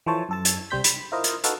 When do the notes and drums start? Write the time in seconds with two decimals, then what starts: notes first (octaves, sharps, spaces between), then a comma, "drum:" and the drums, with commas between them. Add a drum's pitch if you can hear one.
0.06 E3 F3 A4 C5 C#5 A5
0.29 F#2 A4 A5
0.45 drum: hi-hat
0.70 C2 G3 C4 C5 G6 B6
0.84 B5, drum: hi-hat
1.12 E4 F4 A#4 C5 D#5
1.24 drum: hi-hat
1.44 D#4 F#4 A4 B4 F5, drum: hi-hat